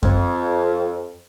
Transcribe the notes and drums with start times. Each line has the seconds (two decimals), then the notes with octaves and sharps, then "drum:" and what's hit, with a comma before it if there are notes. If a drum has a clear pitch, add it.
0.03 F2, drum: kick F#2